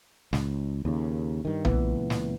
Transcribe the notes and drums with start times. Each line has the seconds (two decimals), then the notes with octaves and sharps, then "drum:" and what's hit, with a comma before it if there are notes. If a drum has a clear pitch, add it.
0.33 C#2, drum: snare
0.85 D#2 C#3
1.45 G2 D#3
1.65 C#2 A#2 E3 B3, drum: tom B1
2.10 drum: snare